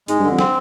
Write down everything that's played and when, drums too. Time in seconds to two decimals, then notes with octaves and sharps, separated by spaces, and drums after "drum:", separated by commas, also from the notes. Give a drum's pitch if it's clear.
0.08 G#2 G#3, drum: hi-hat
0.20 G2 D3
0.31 F2
0.39 C4, drum: snare